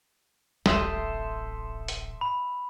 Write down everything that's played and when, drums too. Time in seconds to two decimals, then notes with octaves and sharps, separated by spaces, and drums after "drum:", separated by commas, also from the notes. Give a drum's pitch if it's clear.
0.66 D1 A1 A4 E5 G5 C6 D#6, drum: snare
1.88 drum: hi-hat
2.21 B5